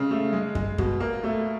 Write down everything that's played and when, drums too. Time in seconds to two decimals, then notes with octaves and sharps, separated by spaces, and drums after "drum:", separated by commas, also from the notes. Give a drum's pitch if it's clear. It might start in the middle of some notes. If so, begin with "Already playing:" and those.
Already playing: C#3 G#3
0.11 A3
0.33 G#3
0.55 G#3, drum: kick F#2
0.78 B2, drum: kick F#2
1.00 A#3
1.24 A3